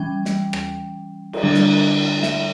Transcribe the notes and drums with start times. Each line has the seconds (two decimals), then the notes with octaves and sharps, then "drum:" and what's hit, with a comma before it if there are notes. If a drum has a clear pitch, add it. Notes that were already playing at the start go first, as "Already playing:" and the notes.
Already playing: E3 G3 C#4 G5
0.25 drum: snare
0.53 drum: rim click
1.33 drum: cymbal
1.43 D3 G3 D4
1.54 drum: snare
2.23 E5, drum: snare